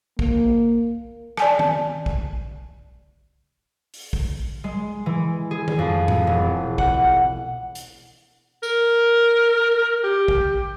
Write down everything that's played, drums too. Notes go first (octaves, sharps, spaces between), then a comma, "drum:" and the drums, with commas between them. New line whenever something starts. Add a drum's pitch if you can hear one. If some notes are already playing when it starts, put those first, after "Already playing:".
A#3, drum: kick
D5 G#5 A5, drum: rim click
drum: tom D#3
drum: kick
drum: open hi-hat
drum: kick
G#3
E3
G#4
drum: tom D#3
F2
drum: tom G#2
E1
F#5, drum: kick
drum: hi-hat
A#4, drum: tambourine
G4
drum: kick